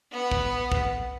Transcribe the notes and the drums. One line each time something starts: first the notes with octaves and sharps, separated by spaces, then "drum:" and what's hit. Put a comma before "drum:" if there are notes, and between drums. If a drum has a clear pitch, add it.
B3 F#5
drum: kick
drum: kick